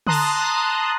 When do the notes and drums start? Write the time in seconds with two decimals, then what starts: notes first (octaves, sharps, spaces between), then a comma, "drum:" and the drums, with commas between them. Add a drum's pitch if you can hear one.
0.07 A5 A#5 C6 D#6 F#6, drum: tom D3